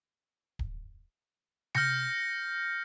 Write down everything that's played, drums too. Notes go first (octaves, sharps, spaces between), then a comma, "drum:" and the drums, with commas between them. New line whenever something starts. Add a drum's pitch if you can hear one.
drum: kick D1
F6 G6 A#6 C#7, drum: tom C3